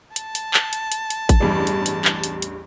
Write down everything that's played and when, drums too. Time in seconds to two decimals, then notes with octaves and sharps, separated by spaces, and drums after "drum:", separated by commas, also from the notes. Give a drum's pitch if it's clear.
0.16 A5, drum: hi-hat
0.35 drum: hi-hat
0.54 drum: clap
0.73 drum: hi-hat
0.92 drum: hi-hat
1.10 drum: hi-hat
1.29 drum: kick G#1, hi-hat
1.40 A1 E2 G2
1.67 drum: hi-hat
1.86 drum: hi-hat
2.05 drum: clap
2.24 drum: hi-hat
2.42 drum: hi-hat